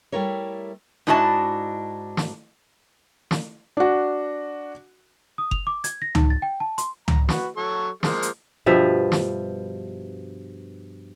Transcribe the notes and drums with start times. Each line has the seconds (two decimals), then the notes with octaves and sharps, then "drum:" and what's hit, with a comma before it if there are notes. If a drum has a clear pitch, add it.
0.12 G3 A3 E4 A#4 C#5
1.07 G#2 D4 E4 F#4 D#5 A5
2.17 drum: snare
3.31 drum: snare
3.77 D4 F#4
5.38 D#6
5.51 F7, drum: kick F#1
5.67 D6
5.84 G#6, drum: hi-hat
6.02 A#6
6.15 D#4, drum: tom
6.30 A6
6.42 G5
6.60 A5
6.78 C6, drum: hi-hat
7.08 A#5, drum: tom
7.29 F#4 B4, drum: snare
7.57 F#3 A4 C#6
8.03 F3 G#3 A#3, drum: snare
8.22 drum: hi-hat
8.66 G2 B2 F3 E5
9.12 drum: snare